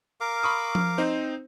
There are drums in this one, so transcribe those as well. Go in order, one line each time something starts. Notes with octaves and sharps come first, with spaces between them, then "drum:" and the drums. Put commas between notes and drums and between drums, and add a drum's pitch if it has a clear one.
A#4 F5 D6
B5 C#6 D#6
drum: tom F3
C4 D#4 C5